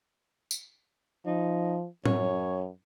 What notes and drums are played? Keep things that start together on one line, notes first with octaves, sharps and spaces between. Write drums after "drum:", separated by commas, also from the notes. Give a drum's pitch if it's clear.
drum: tambourine
F3 D#4
F#2 C#5, drum: tom